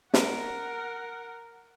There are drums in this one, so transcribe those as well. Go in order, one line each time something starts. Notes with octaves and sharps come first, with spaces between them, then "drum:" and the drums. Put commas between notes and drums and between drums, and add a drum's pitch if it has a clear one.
A#4 F#5, drum: snare